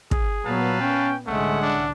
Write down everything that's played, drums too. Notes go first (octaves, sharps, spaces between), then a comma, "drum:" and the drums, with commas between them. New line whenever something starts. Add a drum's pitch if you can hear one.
G#4, drum: kick
A#2 F#3 B3 B4 F5 A5
C#4 G5
C2 A2 D3 G#3 A3 C#4 E5 F#5
D4